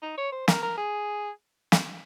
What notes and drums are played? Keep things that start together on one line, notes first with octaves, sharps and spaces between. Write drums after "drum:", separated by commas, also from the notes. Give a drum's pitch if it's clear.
D#4
C#5
C5
A#4, drum: snare
A#4
G#4
drum: snare